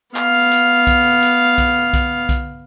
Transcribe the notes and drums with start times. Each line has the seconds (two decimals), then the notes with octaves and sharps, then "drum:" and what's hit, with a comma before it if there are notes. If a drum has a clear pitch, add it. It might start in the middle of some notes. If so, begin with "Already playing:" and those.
0.16 B3 F5, drum: clap
0.51 drum: hi-hat
0.87 drum: kick B1, hi-hat
1.22 drum: hi-hat
1.58 drum: kick B1, hi-hat
1.93 drum: kick B1, hi-hat
2.29 drum: kick B1, hi-hat